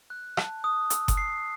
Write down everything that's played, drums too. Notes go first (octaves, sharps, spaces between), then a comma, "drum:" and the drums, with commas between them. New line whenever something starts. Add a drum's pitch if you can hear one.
F#6
A5, drum: rim click
D#6
E6, drum: hi-hat
drum: kick F#1, hi-hat
C7